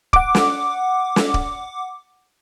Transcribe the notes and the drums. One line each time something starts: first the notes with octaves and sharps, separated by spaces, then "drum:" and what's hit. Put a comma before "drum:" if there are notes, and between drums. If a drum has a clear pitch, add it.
F#5 D6, drum: kick D1
drum: snare
drum: snare
drum: kick D1